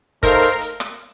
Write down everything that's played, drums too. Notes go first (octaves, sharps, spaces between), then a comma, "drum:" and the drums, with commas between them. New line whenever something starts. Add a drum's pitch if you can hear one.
A3 D#4 A4 A#4 C5 F5, drum: kick F#1, hi-hat
drum: hi-hat
drum: hi-hat
drum: rim click